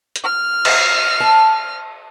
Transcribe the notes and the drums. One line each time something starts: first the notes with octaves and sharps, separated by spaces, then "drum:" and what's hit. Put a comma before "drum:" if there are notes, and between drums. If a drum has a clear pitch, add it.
drum: hi-hat
F6
drum: cymbal
A5